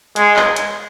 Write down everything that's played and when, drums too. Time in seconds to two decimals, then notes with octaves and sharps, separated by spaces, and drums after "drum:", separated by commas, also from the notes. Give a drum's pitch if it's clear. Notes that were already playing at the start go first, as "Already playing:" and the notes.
0.16 G#3, drum: hi-hat
0.36 drum: clap
0.56 drum: hi-hat